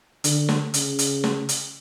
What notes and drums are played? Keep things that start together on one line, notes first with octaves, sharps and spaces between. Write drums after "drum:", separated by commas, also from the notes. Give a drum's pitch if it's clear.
D3, drum: hi-hat
drum: snare
C#3, drum: hi-hat
drum: hi-hat
drum: snare
drum: hi-hat